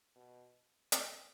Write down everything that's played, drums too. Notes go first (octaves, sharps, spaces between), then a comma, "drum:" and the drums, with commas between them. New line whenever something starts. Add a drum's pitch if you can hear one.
B2
drum: hi-hat